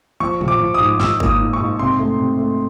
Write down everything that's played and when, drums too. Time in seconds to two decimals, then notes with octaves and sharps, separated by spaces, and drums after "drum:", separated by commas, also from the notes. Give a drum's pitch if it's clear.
0.20 F3 C#6
0.41 F3, drum: tom
0.48 D6
0.60 F3
0.74 D#6
0.80 G#2
1.00 G#2 E6, drum: snare
1.20 A#3, drum: kick
1.26 D#6
1.40 G#2
1.53 C#6
1.60 G#2
1.79 C3 C6
1.99 A3
2.19 C3
2.39 A3